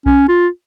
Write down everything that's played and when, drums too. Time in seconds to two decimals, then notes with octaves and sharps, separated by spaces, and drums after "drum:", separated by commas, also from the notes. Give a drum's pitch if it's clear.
0.06 C#4, drum: kick B1
0.28 F4